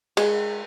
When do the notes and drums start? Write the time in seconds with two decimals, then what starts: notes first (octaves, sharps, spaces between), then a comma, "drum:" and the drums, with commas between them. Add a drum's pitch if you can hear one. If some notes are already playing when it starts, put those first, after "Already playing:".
0.17 G#3, drum: cymbal